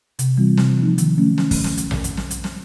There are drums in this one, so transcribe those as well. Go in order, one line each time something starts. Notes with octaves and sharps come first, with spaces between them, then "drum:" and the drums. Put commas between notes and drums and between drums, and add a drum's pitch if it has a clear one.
C3, drum: hi-hat
E3 G3 C4 F4
C3, drum: snare
F3 A#3 D#4
D#3, drum: hi-hat
F#3 A3 C#4
drum: snare
drum: kick, open hi-hat
drum: snare
drum: hi-hat
drum: tom A#1
drum: hi-hat
drum: snare
drum: hi-hat
drum: snare